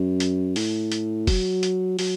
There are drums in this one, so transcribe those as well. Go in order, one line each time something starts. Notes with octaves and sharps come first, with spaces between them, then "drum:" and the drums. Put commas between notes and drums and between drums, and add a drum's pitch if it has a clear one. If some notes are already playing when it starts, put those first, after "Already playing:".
Already playing: F#2
drum: hi-hat
A2, drum: open hi-hat
drum: hi-hat
F#3, drum: kick, open hi-hat
drum: hi-hat
F#3, drum: open hi-hat